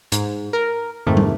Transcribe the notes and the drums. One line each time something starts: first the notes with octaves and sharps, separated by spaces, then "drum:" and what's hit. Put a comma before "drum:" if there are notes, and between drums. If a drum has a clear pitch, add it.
G#2, drum: hi-hat
A#4
F2 G#2 C3 D#3 A3
drum: tom